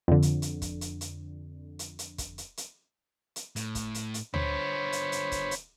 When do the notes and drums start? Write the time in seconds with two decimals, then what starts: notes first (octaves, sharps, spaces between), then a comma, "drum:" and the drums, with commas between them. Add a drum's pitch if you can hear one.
0.08 F2 D3
0.22 drum: hi-hat
0.42 drum: hi-hat
0.62 drum: kick, hi-hat
0.81 drum: hi-hat
1.01 drum: hi-hat
1.79 drum: hi-hat
1.99 drum: hi-hat
2.18 drum: kick, hi-hat
2.38 drum: hi-hat
2.57 drum: hi-hat
3.36 drum: hi-hat
3.56 A2, drum: hi-hat
3.75 drum: kick, hi-hat
3.95 drum: hi-hat
4.14 drum: hi-hat
4.34 D3 B3 C5 C#5 B5, drum: tom D2
4.92 drum: hi-hat
5.12 drum: hi-hat
5.32 drum: kick, hi-hat
5.51 drum: hi-hat